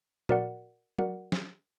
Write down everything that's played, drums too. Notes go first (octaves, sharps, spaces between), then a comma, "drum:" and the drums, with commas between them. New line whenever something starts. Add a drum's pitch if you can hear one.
F#4 A#4 D5 F#5, drum: tom A#2
F#4 A#4 D5 F#5, drum: tom F#3
drum: snare